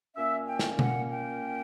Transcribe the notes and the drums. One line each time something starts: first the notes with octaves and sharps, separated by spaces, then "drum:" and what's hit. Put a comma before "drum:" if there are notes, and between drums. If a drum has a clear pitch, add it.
A#2 A#3 C#4 E5
G5
drum: snare
F#5, drum: tom B2
G5